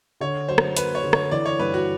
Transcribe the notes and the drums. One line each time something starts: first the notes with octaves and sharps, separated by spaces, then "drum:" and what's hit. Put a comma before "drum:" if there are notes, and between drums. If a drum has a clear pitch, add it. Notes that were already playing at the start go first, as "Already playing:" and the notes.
D3 C#5
F#2 C5
drum: rim click
A#3 B4, drum: hi-hat
C#5
D3
C#5, drum: rim click
E3 D5
C#5
G2 B4
F#4